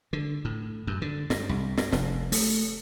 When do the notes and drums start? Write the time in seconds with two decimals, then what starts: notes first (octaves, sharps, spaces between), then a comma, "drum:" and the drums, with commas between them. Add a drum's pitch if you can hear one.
0.13 D3
0.45 A2
0.87 F#2
1.02 D3
1.30 G2, drum: snare
1.49 C2
1.77 G2, drum: snare
1.92 F1, drum: snare
2.32 A3, drum: open hi-hat